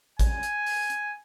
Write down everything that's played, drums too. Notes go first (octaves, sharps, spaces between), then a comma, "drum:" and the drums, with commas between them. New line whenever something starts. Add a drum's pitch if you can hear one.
G#5, drum: kick A1, hi-hat
drum: hi-hat
drum: open hi-hat
drum: hi-hat